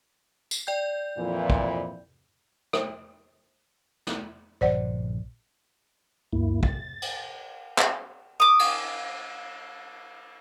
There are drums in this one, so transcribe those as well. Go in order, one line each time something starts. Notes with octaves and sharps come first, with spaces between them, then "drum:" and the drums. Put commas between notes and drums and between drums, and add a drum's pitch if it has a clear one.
drum: tambourine
D5 G5 G6
F2 A#2 E3
drum: kick
drum: rim click
drum: snare
A#1 G2 D3 C5 D5 F#5
D2 G2 A#3 E4
A6, drum: kick
drum: cymbal
drum: clap
D6 D#6
drum: cymbal